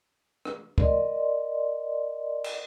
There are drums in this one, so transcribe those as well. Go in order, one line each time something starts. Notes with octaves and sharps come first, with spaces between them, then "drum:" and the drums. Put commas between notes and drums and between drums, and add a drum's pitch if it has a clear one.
drum: rim click
A#4 D5 D#5 C6, drum: kick
drum: cymbal